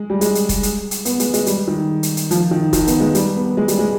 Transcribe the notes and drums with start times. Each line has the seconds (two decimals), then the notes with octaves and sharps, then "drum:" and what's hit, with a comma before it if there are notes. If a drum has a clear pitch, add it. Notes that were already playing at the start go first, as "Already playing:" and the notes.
Already playing: G#3
0.10 G3
0.21 G#3, drum: hi-hat
0.35 drum: hi-hat
0.49 drum: kick, hi-hat
0.63 drum: hi-hat
0.91 drum: hi-hat
1.05 B3, drum: hi-hat
1.20 G#3, drum: hi-hat
1.34 G#3, drum: hi-hat
1.46 G3, drum: hi-hat
1.68 D#3
2.03 drum: hi-hat
2.17 drum: hi-hat
2.31 F3, drum: hi-hat
2.51 D#3
2.73 D#3, drum: kick, hi-hat
2.87 B3, drum: hi-hat
3.00 G#3
3.15 G3, drum: hi-hat
3.36 B3
3.57 G#3
3.68 G3, drum: hi-hat
3.79 G#3